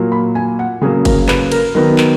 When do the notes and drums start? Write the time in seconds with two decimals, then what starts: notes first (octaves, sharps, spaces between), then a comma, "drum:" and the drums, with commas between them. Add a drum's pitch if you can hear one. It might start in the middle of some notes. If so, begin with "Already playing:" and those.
Already playing: A#2 F#3 A#3
0.12 B5
0.35 G#5
0.59 F#5
0.81 C#3 F#3 A#3 G#4
1.05 A#4, drum: kick G1, cymbal
1.28 B4, drum: clap
1.52 A#4, drum: cymbal
1.75 D#3 F#3 B3 A#4
1.98 drum: clap